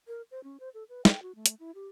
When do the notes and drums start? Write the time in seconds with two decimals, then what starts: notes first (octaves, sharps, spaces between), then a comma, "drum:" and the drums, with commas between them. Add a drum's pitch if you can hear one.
0.08 A#4
0.31 C5
0.44 C#4
0.60 C5
0.74 A4
0.89 B4
1.05 G5, drum: snare
1.22 F#4
1.35 A3
1.46 drum: hi-hat
1.60 E4
1.75 G4